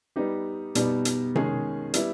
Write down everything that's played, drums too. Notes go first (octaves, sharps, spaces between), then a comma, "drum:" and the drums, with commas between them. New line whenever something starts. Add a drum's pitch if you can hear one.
G3 B3 D#4 G4
B2 G3 B3 D#4, drum: hi-hat
drum: hi-hat
D#3 G#3 C#4 G#4, drum: tom C3
G3 B3 E4, drum: hi-hat